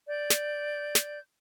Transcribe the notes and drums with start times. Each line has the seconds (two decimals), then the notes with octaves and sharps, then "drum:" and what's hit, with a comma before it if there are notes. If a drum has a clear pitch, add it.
0.09 D5 G6
0.30 drum: snare
0.95 drum: snare